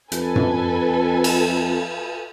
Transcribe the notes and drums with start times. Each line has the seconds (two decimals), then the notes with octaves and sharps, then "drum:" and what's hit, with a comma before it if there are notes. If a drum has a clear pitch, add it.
0.12 F2 A4 B4 G#5, drum: hi-hat
0.36 drum: tom F#2
1.24 drum: cymbal